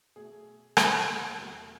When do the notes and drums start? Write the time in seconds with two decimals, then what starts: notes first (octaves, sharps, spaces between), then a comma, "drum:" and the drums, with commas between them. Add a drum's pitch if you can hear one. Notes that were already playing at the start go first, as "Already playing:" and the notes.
0.16 B2 F#3 A3 G#4
0.77 G#2 G#3, drum: rim click
1.37 E2 B2 F#3 A3